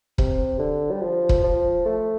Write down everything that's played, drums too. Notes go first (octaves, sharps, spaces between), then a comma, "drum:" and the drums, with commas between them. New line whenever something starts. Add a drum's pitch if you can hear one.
C3, drum: kick
D3
G3
F3
drum: kick
F3
A3